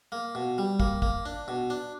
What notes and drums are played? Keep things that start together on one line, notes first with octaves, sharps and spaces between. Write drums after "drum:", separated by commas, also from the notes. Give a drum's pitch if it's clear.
A#3
B2
G3
A#3, drum: kick
A#3, drum: kick
D4
B2
D4